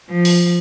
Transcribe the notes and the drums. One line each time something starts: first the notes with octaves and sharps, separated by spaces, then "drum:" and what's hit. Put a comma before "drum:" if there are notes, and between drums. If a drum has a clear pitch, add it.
F3
drum: open hi-hat